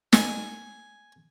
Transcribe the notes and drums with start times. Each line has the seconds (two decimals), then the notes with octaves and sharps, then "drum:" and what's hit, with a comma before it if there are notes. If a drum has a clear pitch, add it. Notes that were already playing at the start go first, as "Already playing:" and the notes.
0.13 G#5, drum: snare